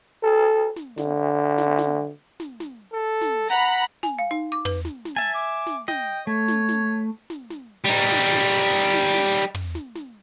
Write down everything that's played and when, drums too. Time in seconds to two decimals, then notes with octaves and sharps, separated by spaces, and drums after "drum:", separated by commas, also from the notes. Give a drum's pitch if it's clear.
0.23 A4
0.76 drum: snare
0.98 D3, drum: snare
1.58 drum: snare
1.78 drum: snare
2.40 drum: snare
2.60 drum: snare
2.93 A4
3.21 drum: snare
3.50 F#5 A#5 B5
4.03 G#5, drum: snare
4.19 F5
4.31 D#4
4.52 D6
4.65 B4, drum: tom
4.85 drum: snare
5.05 drum: snare
5.16 E5 G#5 A5
5.35 D6
5.66 drum: snare
5.88 D#5 G5, drum: snare
6.27 A3 C#5
6.48 drum: snare
6.69 drum: snare
7.30 drum: snare
7.50 drum: snare
7.85 G3 D#4
8.12 drum: snare
8.32 drum: snare
8.93 drum: snare
9.14 drum: snare
9.55 drum: tom
9.75 drum: snare
9.95 drum: snare